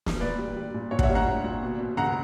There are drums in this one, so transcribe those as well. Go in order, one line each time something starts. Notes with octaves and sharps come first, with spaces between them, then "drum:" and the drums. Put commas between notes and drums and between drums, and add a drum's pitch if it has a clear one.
drum: snare
A#2 B4 D5
G3
G3
A#2
A#2 C#5
F#5, drum: kick
C#5 E5
G3
F#5 A#5
A#2
A#2
B2
B2
C#2 F#5 A#5